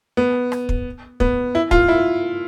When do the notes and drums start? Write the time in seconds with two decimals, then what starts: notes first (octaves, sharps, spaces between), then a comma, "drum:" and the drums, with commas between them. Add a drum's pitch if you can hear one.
0.17 B3
0.52 drum: rim click
0.69 drum: kick
1.20 B3, drum: kick
1.55 E4
1.71 F4, drum: kick
1.88 E4